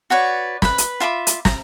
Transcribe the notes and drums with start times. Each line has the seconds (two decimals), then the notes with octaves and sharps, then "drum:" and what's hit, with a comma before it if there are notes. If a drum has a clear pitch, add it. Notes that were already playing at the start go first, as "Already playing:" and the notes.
0.10 F#4 B4 C#5 D5
0.62 B4 B5, drum: snare
0.78 drum: hi-hat
1.00 F4 E5 B5 D6
1.27 drum: hi-hat
1.45 A#5, drum: snare